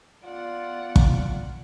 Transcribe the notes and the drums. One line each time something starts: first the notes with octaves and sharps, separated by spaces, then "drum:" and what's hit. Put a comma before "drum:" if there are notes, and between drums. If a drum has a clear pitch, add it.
B3 F4 D5 F#5
drum: kick